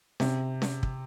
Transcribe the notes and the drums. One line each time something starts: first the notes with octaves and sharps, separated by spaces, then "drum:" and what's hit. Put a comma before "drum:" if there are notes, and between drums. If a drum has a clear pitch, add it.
C3, drum: snare C#4
drum: snare C#4
drum: kick